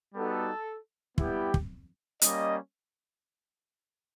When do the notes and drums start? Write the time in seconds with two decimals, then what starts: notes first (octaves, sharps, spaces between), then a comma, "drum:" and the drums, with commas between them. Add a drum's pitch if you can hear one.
0.14 G3 B3 D#4 F#4 A4
1.18 G3 B3 E4 G4, drum: kick
1.54 drum: kick
2.22 G3 A#3 C#4 D#5, drum: hi-hat